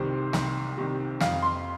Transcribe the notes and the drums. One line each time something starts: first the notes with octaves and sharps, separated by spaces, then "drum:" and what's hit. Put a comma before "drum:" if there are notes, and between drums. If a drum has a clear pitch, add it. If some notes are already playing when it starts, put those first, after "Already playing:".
Already playing: C2 C3 D#3 G3 C5
C2, drum: snare
C3 D#3 G3
F2 F5, drum: snare
C6